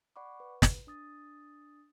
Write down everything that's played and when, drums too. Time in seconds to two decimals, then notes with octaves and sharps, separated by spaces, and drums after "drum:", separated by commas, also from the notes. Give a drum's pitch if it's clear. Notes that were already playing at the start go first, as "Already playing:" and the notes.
0.16 D5 F#5 B5 C#6 D6
0.40 B4
0.62 drum: snare
0.87 D4 D#6 A6